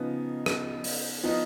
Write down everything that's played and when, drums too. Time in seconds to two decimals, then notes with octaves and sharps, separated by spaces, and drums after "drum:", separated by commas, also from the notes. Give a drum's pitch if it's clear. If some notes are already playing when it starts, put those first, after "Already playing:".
Already playing: C#3 F3 B3 D#4
0.46 drum: rim click
0.84 drum: open hi-hat
1.23 F3 B3 D#4